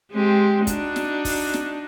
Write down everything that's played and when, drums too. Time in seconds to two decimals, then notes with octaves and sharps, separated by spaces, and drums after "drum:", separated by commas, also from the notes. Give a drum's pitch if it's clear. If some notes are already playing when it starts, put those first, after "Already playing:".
0.12 G#3 C4 G4
0.67 D4 D#4 F#4, drum: kick, hi-hat
0.96 drum: snare
1.25 drum: kick, open hi-hat
1.54 drum: snare